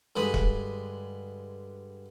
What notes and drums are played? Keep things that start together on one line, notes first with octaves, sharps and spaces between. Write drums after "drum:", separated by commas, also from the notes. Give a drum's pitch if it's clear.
G2 D3 G#3 B4 B5 D#6
drum: kick